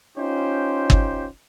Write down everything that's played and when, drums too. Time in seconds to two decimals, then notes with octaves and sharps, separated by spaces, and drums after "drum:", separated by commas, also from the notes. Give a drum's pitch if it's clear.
0.18 C#4 D#4 F4 G4 C5
0.90 drum: kick